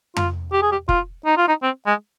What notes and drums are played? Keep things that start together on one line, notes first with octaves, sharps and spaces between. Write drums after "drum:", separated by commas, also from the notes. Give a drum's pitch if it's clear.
F4, drum: tom F2
G4
G#4
G4
F4, drum: kick F1
D#4
F4
D#4
C4
G#3